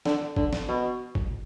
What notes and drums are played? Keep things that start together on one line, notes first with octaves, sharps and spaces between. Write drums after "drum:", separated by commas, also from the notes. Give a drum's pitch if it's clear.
D3, drum: snare
D3, drum: kick G1
drum: snare
B2
drum: kick G1